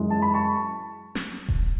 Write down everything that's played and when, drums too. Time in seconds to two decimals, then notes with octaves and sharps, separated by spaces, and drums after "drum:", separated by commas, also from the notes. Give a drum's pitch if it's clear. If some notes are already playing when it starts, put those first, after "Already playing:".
Already playing: F#2 E3 G#3
0.10 A5
0.22 B5
0.34 A5 C#6
1.15 drum: snare
1.49 drum: kick D#1